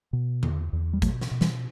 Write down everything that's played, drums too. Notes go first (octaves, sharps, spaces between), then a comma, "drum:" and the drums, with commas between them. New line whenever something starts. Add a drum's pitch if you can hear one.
B2
E2, drum: tom D3
E2
G3
B2 F#3 A3, drum: kick G#1, hi-hat
drum: snare
B2
E3 G3, drum: snare